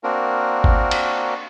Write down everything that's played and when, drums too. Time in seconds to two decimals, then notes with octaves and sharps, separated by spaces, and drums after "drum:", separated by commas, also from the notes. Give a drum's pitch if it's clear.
0.04 A#3 C4 D4 F#4 A#4
0.64 drum: kick G1
0.91 drum: cymbal